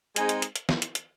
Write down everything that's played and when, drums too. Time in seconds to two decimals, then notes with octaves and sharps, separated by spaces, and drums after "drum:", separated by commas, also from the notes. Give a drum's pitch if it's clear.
0.16 G#3 C4 D#4 G#4, drum: hi-hat
0.29 drum: hi-hat
0.42 drum: hi-hat
0.56 drum: hi-hat
0.69 drum: snare
0.82 drum: hi-hat
0.95 drum: hi-hat